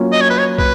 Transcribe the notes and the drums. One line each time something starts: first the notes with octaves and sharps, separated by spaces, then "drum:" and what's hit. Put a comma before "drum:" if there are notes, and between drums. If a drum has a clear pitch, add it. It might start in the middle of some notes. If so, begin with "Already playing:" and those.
Already playing: F#3 A#3 C#4 F4
D#5
C#5
B4
C#5
B4, drum: kick